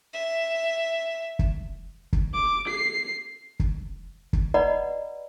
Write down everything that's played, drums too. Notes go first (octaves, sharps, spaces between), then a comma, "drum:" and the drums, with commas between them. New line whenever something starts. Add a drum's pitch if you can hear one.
E5
drum: kick
drum: kick
D6
C7
drum: kick
drum: kick
B4 D5 D#5 F#5 A#5 B5